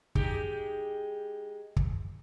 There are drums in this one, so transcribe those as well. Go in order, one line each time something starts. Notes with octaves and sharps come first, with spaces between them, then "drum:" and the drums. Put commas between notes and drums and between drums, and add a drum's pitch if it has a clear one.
G#3 D#4 G4, drum: kick
drum: kick